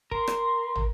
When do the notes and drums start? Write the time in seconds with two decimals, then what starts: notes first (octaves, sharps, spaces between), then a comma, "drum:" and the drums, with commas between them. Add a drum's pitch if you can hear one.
0.11 A#4 C6, drum: kick
0.27 drum: rim click
0.76 drum: tom